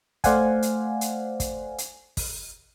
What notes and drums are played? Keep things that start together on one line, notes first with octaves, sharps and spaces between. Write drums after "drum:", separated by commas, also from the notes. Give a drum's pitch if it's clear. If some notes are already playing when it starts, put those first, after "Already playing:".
A3 C5 D5 F5 F#5 G#5, drum: kick, hi-hat
drum: hi-hat
drum: hi-hat
drum: kick, hi-hat
drum: hi-hat
drum: kick, open hi-hat